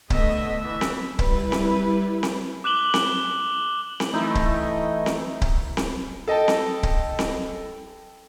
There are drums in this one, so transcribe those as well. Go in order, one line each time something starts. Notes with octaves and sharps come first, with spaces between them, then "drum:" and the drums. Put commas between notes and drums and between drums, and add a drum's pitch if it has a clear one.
D3 A3 B3 D#5 E5, drum: kick C#1
E3 E5
drum: snare C4
G3 E4 B4, drum: kick C#1
drum: snare C4
drum: snare C4
D6 F#6 E7 F#7 G7
drum: snare C4
drum: snare C4
E3 A3 D#4 E4 D#5
drum: kick C#1
drum: snare C4
drum: kick C#1
drum: snare C4
A4 D#5 G5 A5
drum: snare C4
drum: kick C#1
drum: snare C4